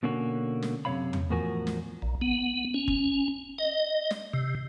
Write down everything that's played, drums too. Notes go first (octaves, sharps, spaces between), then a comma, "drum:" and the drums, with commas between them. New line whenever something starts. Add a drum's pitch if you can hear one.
B2 D3 A#3 C#4 F#4
drum: snare
F#2 C3 G#3 C#5 F5 B5
drum: tom E2
E2 A2 F3 F#4 A#4 G#5
drum: snare
A#1
B3
C#4
drum: kick F#1
D#5
drum: snare
C3